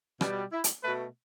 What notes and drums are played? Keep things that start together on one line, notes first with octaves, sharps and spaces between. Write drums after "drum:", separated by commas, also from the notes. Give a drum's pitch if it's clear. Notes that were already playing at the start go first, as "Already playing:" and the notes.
B2 G3, drum: rim click
E4
drum: hi-hat
B2 A3 B4